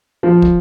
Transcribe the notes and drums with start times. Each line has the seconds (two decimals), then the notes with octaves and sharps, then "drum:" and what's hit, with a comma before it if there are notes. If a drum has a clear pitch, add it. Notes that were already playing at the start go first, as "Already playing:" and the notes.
0.23 F3
0.42 drum: kick